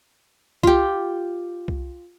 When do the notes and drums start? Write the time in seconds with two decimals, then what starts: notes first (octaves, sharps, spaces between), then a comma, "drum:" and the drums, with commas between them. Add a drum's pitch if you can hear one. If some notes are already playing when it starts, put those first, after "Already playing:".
0.63 F4 G4, drum: kick C2
1.68 drum: kick C2